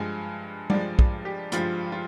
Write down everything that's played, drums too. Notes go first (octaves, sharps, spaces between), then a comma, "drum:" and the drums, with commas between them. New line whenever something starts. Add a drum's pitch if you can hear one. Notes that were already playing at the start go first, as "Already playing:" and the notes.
Already playing: G2 F3 G#3 G#5
G2 F3 G#3 D5, drum: tom G3
drum: kick
G4
G2 F3 G#3 F4, drum: hi-hat
F4